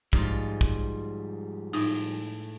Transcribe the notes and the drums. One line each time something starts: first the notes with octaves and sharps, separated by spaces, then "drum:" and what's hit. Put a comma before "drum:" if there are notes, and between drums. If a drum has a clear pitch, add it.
G#2 F3 G3 F4, drum: kick
drum: kick
A2 D#4, drum: open hi-hat